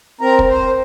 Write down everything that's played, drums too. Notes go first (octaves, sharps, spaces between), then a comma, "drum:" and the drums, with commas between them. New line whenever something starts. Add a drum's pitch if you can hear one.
C4 A#4 A#5
drum: kick
C5